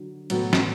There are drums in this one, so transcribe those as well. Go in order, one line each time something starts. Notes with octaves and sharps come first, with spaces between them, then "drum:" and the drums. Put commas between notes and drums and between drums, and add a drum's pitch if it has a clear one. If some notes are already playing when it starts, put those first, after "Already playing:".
Already playing: D3 F#3
A2 F#3 B3, drum: cymbal
drum: snare